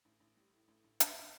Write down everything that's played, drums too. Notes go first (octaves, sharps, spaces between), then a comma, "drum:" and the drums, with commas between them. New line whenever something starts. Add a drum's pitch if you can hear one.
A1
A1
G3
A2
A1
A1
F4, drum: hi-hat
A#2